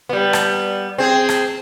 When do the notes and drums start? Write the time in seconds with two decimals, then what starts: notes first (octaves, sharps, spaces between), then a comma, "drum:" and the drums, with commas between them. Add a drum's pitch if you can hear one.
0.09 G3 B3
0.33 drum: rim click
0.98 C4 G#4
1.29 drum: rim click